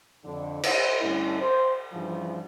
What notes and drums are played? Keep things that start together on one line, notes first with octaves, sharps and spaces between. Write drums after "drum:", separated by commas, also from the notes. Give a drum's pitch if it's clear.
F2 D3
C5, drum: cymbal
G2 D3 A3 C#4 E4
C5
G2 C#3 E3 F3